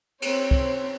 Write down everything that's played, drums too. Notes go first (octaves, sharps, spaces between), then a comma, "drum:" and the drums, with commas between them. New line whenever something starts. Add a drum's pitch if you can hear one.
C4 C5 C#5, drum: cymbal
drum: kick